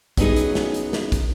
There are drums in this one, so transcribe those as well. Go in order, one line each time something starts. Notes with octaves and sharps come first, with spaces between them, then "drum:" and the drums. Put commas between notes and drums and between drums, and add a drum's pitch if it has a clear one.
F#3 B3 C#4 D#4 G#4, drum: kick, hi-hat
drum: hi-hat
drum: snare
drum: hi-hat
drum: snare
drum: kick, hi-hat